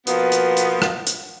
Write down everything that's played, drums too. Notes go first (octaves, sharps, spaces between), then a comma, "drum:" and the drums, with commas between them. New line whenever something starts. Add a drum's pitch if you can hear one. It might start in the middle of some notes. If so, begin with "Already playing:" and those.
B2 F3 A#3 B3, drum: hi-hat
drum: hi-hat
drum: hi-hat
drum: rim click
drum: hi-hat